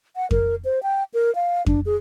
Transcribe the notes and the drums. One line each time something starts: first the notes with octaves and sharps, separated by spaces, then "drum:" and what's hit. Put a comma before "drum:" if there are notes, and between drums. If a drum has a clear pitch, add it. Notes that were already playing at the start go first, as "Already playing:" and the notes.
F#5
A#4, drum: kick F2
C5
G5
A#4
F5
D4, drum: kick F2
G#4